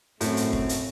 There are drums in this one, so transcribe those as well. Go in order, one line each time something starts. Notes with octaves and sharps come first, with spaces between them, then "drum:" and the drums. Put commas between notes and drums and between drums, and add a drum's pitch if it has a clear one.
F#2 A2 A3 C4, drum: hi-hat
drum: hi-hat
drum: kick
drum: hi-hat